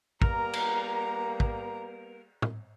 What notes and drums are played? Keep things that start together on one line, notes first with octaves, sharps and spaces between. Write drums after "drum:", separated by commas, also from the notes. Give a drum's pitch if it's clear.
G3 A#3 B3 A#4 A#5, drum: kick
drum: cymbal
drum: kick
drum: tom